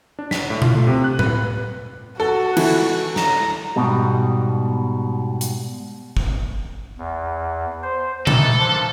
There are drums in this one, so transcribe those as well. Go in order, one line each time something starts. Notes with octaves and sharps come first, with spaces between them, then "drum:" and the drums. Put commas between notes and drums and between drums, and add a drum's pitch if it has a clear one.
D4
B6, drum: snare
A2
F4, drum: tom A#2
A3
C3
F#6
B4, drum: tom A2
F#4 A4
E3, drum: cymbal
A#5, drum: snare
G#2 B2 G3
drum: hi-hat
drum: kick
E2
C5
D#3 E3 A4, drum: tom A#2
F3 D4